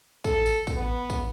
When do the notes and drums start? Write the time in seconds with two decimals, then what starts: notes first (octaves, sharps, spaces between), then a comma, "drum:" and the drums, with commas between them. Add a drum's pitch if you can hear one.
0.24 A4, drum: kick, tambourine
0.46 drum: tambourine
0.67 drum: kick, tambourine
0.76 B3
1.10 drum: kick, tambourine